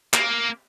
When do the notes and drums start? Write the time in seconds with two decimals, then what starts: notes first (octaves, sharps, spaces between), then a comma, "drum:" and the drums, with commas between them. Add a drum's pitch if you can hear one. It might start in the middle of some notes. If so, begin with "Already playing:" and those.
0.14 A#3, drum: clap